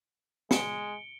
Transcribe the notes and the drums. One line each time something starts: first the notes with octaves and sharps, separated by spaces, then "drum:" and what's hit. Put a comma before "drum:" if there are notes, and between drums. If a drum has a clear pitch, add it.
G#3 C#7 D7 G7, drum: snare